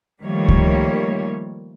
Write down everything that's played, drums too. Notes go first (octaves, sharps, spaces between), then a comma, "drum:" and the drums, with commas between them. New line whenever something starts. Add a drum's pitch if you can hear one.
D#3 F3 G3 A3 A#3 C#5
drum: kick C#2